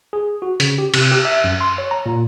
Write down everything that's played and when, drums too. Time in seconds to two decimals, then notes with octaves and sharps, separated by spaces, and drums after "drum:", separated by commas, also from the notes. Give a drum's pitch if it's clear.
0.13 G#4
0.42 F#4
0.60 C#3, drum: hi-hat
0.78 G4
0.94 C3, drum: cymbal
1.12 G4
1.25 E5
1.44 F#2
1.61 C6
1.78 C#5
1.91 A#5
2.06 A#2